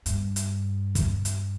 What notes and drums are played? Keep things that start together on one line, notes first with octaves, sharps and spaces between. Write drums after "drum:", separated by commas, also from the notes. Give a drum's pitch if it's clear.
G2, drum: hi-hat
drum: hi-hat
drum: kick, hi-hat
drum: hi-hat